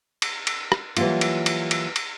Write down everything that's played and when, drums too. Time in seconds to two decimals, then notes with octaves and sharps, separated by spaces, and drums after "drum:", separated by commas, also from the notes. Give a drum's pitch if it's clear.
0.22 drum: cymbal
0.47 drum: cymbal
0.72 drum: rim click
0.97 E3 F#3 G3 A#3 F4, drum: cymbal
1.21 drum: cymbal
1.46 drum: cymbal
1.71 drum: cymbal
1.96 drum: cymbal